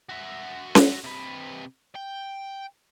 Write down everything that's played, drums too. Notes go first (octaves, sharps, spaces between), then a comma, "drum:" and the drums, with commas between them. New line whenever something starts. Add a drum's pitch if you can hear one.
F#4 E5
drum: snare C#4
C3 B4
G5